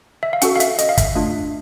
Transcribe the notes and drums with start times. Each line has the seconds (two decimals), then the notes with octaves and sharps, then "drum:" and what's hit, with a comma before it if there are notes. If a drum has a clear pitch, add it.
0.23 E5
0.33 F5
0.42 C#4 F#4 A4 F#5, drum: hi-hat
0.56 F5
0.60 E5, drum: hi-hat
0.79 D#5, drum: hi-hat
0.89 F5
0.98 E5, drum: kick, hi-hat
1.15 A3 D4 F4